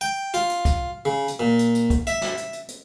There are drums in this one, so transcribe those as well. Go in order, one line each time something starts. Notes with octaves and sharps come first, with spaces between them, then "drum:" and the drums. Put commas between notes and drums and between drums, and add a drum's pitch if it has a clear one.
G5
F4, drum: hi-hat
drum: hi-hat
drum: kick, hi-hat
C#3
drum: hi-hat
A#2
drum: hi-hat
drum: hi-hat
drum: kick, hi-hat
E5, drum: hi-hat
drum: snare
drum: hi-hat
drum: hi-hat
drum: hi-hat